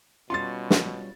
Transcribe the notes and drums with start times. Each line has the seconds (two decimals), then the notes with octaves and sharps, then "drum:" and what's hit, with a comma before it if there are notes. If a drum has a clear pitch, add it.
0.30 B2 G3 C#4 F4 C6 A6
0.70 drum: snare